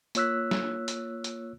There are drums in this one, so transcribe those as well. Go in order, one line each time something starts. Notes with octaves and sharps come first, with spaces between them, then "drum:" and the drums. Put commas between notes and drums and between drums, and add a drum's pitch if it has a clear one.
A#3 F4 C#5 E6 F#6 B6, drum: hi-hat
drum: snare
drum: hi-hat
drum: hi-hat